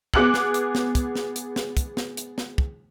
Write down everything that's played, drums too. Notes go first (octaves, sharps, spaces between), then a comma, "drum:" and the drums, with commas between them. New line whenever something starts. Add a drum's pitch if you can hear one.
B3 G#4 D6 F#6 C#7 F#7, drum: kick
drum: snare
drum: hi-hat
drum: snare
drum: kick, hi-hat
drum: snare
drum: hi-hat
drum: snare
drum: kick, hi-hat
drum: snare
drum: hi-hat
drum: snare
drum: kick